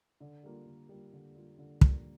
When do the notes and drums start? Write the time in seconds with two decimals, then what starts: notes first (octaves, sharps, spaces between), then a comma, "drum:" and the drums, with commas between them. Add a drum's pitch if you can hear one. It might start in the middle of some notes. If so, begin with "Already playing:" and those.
0.20 D3
0.43 G3 A#3 F4
0.66 D3
0.89 G3 A#3 F4
1.12 D3
1.35 G3 A#3 F4
1.58 D3
1.81 G3 A#3 F4, drum: kick